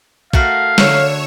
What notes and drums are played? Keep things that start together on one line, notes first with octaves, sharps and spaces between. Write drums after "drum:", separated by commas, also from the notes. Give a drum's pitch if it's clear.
A3 F#4 A#4 F5, drum: kick
D3 C#5 E7, drum: snare